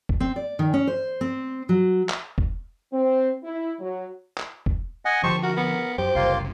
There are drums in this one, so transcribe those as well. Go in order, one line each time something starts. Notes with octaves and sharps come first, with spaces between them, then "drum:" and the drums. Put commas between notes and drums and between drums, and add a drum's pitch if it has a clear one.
drum: kick F1
C4
D5
D#3
C#4
C5
C4
F#3
drum: clap
drum: kick F1
C4
E4
F#3
drum: clap
drum: kick F1
D#5 F#5 G#5
D3 D#3 F3 G4 C5 A5 C#6
F#4 A#4
B3
F#2 G4 C5
F#1 C2 A#3 F4 C6